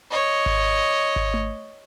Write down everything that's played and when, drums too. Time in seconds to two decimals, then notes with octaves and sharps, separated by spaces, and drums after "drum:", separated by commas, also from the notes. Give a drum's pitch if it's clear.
0.11 C#5 D#5
0.46 drum: kick G#1
1.16 drum: kick G#1
1.34 drum: tom A3